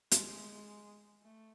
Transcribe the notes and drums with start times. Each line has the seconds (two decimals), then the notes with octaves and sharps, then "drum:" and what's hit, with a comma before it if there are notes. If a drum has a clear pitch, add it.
0.11 G#3, drum: hi-hat
1.22 A3